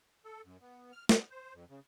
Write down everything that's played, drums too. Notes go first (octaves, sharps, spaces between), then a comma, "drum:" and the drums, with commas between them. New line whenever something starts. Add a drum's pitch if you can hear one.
A4
F#2
B3
F6
B3, drum: snare
C5
F2
C#3